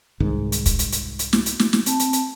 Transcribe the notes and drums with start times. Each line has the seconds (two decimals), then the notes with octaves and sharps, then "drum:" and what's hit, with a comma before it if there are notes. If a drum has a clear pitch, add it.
0.20 C2 G#2 D#3
0.52 drum: hi-hat
0.66 drum: kick, hi-hat
0.79 drum: hi-hat
0.92 drum: hi-hat
1.19 drum: hi-hat
1.33 drum: snare
1.46 drum: hi-hat
1.59 drum: snare
1.73 drum: snare
1.86 C4 A5, drum: hi-hat
2.00 drum: hi-hat
2.13 drum: hi-hat